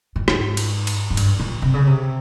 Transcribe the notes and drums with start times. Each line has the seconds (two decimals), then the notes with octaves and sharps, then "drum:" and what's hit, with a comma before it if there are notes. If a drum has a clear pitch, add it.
0.16 A#2
0.28 G#2, drum: rim click
0.57 drum: cymbal
0.87 drum: cymbal
1.10 G#2
1.17 G2, drum: cymbal
1.40 A#2
1.62 C3
1.74 C#3
1.87 C3